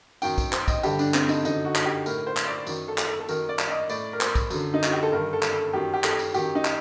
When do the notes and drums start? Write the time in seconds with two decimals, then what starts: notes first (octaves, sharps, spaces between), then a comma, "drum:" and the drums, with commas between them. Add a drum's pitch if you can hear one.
0.22 F#2 D#3 G5, drum: tambourine
0.38 drum: kick, tambourine
0.53 C5, drum: clap
0.68 D#5, drum: kick, tambourine
0.83 G2 D3 G4, drum: tambourine
0.99 D4, drum: tambourine
1.14 C4, drum: clap
1.29 D#4, drum: tambourine
1.45 F#2 D3 D#4, drum: tambourine
1.65 F#4
1.75 drum: clap
1.85 G4
2.06 A2 A#4, drum: tambourine
2.27 C5
2.37 drum: clap
2.47 D5
2.67 F#2 D#3, drum: tambourine
2.88 A4
2.98 drum: clap
3.08 A4
3.20 A4
3.29 F#2 D#3 A#4, drum: tambourine
3.49 D5
3.59 drum: clap
3.69 D#5
3.89 A2 D5, drum: tambourine
4.13 A#4
4.21 C5, drum: clap
4.35 drum: kick, tambourine
4.50 F#2 D3, drum: tambourine
4.74 D#4
4.83 F#4, drum: clap
4.93 G4
5.03 A4
5.12 G2 D#3 A#4
5.33 A4
5.42 drum: clap
5.53 A4
5.73 F#2 D#3 G4
5.94 G4
6.04 A4, drum: clap
6.19 drum: tambourine
6.34 F#2 D#3 G4, drum: tambourine
6.55 D#4
6.65 drum: clap